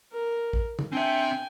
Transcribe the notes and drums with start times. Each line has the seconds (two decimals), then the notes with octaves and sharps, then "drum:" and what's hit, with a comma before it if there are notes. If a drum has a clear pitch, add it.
0.13 A#4
0.53 drum: kick
0.79 drum: tom C3
0.93 C4 D4 E5 G5 G#5